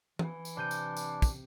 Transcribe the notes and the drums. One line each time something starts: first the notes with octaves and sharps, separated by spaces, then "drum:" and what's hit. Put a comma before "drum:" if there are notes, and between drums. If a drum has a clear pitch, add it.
E3, drum: tom E3
drum: tambourine
C3 D4 G6 D#7
drum: tambourine
drum: tambourine
drum: kick, tambourine